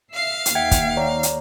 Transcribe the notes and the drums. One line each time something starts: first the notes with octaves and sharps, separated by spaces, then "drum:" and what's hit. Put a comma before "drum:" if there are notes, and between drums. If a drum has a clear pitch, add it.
E5 F5 C7
drum: hi-hat
D#2 E5 F#5 G5 G#6
drum: kick, hi-hat
C#5 D5 A#5
drum: hi-hat